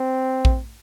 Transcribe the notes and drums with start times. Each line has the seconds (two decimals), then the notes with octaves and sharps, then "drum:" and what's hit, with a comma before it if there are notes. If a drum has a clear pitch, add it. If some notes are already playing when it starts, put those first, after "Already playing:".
Already playing: C4
0.45 drum: kick A#1